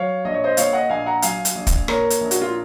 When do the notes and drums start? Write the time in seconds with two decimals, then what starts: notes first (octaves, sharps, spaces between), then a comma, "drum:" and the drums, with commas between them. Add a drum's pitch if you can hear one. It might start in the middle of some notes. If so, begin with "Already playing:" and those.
Already playing: F#3 C#5 F5
0.25 A#1 D#5
0.34 C#5
0.44 C5 D#5
0.57 A#2 C#5 F5, drum: hi-hat
0.73 D#5 F#5
0.90 A#1 F5 G#5
1.06 F#5 A#5
1.22 F#3 F5 G#5, drum: hi-hat
1.45 drum: hi-hat
1.55 A#1
1.67 drum: kick, hi-hat
1.88 A#2 A#4 C#5, drum: rim click
2.10 drum: hi-hat
2.21 A#1
2.31 F#4, drum: hi-hat
2.42 F4